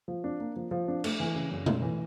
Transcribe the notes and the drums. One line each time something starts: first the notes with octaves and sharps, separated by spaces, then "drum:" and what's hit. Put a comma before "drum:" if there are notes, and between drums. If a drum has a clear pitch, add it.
F3
D4
A#3
F3
F3
D4
A3, drum: cymbal
E3
C#3
F#2
A3, drum: tom B2
E3